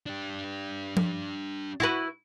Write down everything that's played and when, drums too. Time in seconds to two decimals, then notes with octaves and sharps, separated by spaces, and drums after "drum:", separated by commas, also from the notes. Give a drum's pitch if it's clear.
0.06 D4 G4
0.97 drum: tom F3
1.80 E4 F#4 B4